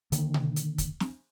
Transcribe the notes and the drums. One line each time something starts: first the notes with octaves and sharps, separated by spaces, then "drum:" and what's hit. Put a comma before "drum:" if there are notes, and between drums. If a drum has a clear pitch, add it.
D3 D#3 A#3, drum: hi-hat
drum: tom B2
drum: hi-hat
drum: kick, hi-hat
drum: snare